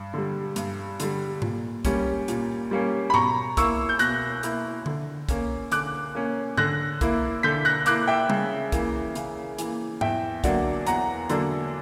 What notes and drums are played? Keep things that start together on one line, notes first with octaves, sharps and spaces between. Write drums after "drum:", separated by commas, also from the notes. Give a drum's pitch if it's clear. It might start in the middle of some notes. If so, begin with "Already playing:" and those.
Already playing: G2
D3 G3
G2, drum: hi-hat
D3 G3, drum: hi-hat
A#2, drum: tom G#2
G3 A#3 C#4, drum: kick, hi-hat
A#2, drum: hi-hat
G3 A#3 C#4
B5
B2 A#5 C#6, drum: tom G#2
A#3 E4 C#6 E6, drum: kick, hi-hat
G6
B2 F#6 A#6, drum: hi-hat
A#3 E4, drum: hi-hat
D3, drum: tom D3
A#3 C#4, drum: kick, hi-hat
D3 D6 F#6, drum: hi-hat
A#3 C#4
D3 F#6 A#6, drum: tom G#2
A#3 E4, drum: kick, hi-hat
D3 G6 B6
F#6 A#6
A#3 E4 D6 F#6, drum: hi-hat
E5 G5
C#3, drum: tom G3
E3 A#3, drum: kick, hi-hat
C#3, drum: hi-hat
E3 A#3, drum: hi-hat
E2 E5 G5, drum: tom G#2
D3 F#3 A#3 D4 D5 F#5, drum: kick, hi-hat
E2 F#5 A#5, drum: hi-hat
D3 F#3 A#3 D4, drum: hi-hat